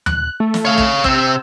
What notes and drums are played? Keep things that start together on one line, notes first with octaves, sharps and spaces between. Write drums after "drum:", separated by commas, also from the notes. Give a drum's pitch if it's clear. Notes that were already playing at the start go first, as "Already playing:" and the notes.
F#6, drum: tom D#2
A3
drum: snare
C#5 F5
drum: kick
C3 C4 E6, drum: kick